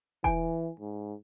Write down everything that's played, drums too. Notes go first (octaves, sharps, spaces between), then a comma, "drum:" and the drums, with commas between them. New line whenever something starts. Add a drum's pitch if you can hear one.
E3 G#5, drum: kick E1
G#2